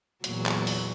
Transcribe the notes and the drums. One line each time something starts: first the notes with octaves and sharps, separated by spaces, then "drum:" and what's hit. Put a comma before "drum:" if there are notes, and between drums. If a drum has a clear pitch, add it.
E2 A#2 F#3, drum: hi-hat
drum: clap
drum: open hi-hat